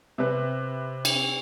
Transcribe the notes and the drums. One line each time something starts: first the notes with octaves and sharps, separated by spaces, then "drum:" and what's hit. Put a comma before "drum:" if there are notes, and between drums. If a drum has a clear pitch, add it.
C3 B4
drum: cymbal